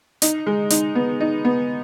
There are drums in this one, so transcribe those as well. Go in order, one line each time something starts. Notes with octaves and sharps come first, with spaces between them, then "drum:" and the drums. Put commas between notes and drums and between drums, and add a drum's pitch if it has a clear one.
D#4, drum: hi-hat
G#3
D#4, drum: hi-hat
B3
D#4
B3